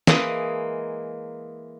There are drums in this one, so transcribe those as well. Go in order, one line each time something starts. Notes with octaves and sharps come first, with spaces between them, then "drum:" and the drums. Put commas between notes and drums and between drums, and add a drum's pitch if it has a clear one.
E3 G#3 A#3 D#5, drum: snare